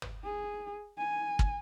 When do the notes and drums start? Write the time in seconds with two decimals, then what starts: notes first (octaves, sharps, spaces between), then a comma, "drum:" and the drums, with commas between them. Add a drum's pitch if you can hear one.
0.02 drum: tom
0.24 G#4
0.98 G#5
1.39 drum: kick